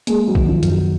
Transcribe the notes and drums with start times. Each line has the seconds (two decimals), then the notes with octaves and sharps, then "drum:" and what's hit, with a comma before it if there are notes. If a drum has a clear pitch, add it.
0.07 G#3 A#3, drum: hi-hat
0.28 F#3
0.35 D#3, drum: kick
0.49 F3
0.63 F#2, drum: hi-hat
0.69 F#3